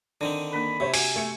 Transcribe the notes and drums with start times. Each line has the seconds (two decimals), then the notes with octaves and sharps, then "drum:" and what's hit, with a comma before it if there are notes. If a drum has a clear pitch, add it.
0.21 D3 D#3 C4 D4 D5
0.53 A#3 D4 A#4 B5
0.80 C3 C5 C#5 E5
0.94 F#4 F#5 G#5 G#6, drum: open hi-hat
1.16 A3 C#7